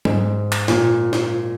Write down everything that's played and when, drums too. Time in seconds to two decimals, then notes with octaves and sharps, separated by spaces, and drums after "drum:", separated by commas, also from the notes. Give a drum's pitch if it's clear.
0.05 G#2, drum: tom F#3
0.52 drum: clap
0.68 A#2, drum: snare
1.13 drum: snare